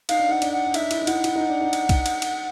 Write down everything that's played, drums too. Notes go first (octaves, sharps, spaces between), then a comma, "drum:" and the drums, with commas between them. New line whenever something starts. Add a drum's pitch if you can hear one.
D#4 F5, drum: cymbal
D4
D#4 F#5
D4, drum: cymbal
F#5
D4
D#4 E5, drum: cymbal
E4, drum: cymbal
D#4
E4 F#5, drum: cymbal
E4, drum: cymbal
D#4
D4
D#4
drum: cymbal
drum: kick, cymbal
drum: cymbal
drum: cymbal